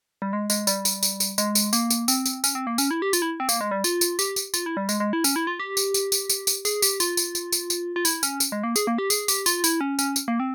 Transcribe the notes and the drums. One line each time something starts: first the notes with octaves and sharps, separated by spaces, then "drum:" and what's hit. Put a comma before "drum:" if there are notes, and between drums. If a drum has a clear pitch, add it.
G3
G#3
G#3, drum: tambourine
G3, drum: tambourine
drum: tambourine
drum: tambourine
drum: tambourine
G#3, drum: tambourine
drum: tambourine
A#3, drum: tambourine
drum: tambourine
C4, drum: tambourine
drum: tambourine
C#4, drum: tambourine
C4
A#3
C#4, drum: tambourine
E4
G4
F4, drum: tambourine
E4
C4
A#3, drum: tambourine
G#3
G3
F4, drum: tambourine
drum: tambourine
G4, drum: tambourine
drum: tambourine
F4, drum: tambourine
E4
G3
G#3, drum: tambourine
G#3
E4
C#4, drum: tambourine
E4
F4
G4
drum: tambourine
drum: tambourine
drum: tambourine
drum: tambourine
drum: tambourine
G#4, drum: tambourine
G4, drum: tambourine
F4, drum: tambourine
drum: tambourine
drum: tambourine
drum: tambourine
drum: tambourine
F4
E4, drum: tambourine
C#4, drum: tambourine
drum: tambourine
G#3
A#3
G#4, drum: tambourine
A#3
G4
G#4, drum: tambourine
G4, drum: tambourine
F4, drum: tambourine
E4, drum: tambourine
C#4
C#4, drum: tambourine
drum: tambourine
A#3
C4